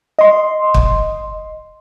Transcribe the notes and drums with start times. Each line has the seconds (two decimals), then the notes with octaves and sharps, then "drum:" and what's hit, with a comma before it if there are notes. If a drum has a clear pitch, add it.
0.19 D#5 C6
0.74 drum: kick